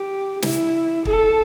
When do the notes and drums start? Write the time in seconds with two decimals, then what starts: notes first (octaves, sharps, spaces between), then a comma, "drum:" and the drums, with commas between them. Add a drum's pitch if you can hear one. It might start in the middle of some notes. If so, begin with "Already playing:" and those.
Already playing: G4
0.42 E4, drum: snare
1.05 A4, drum: kick